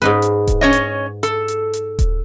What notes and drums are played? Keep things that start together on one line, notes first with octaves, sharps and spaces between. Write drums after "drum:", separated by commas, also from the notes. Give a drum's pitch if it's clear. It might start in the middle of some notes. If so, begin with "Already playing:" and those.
G#2 D#4 B4
drum: hi-hat
drum: kick D#1, hi-hat
C#4 C#5 D#5
drum: hi-hat
A4, drum: hi-hat
drum: hi-hat
drum: hi-hat
drum: kick D#1, hi-hat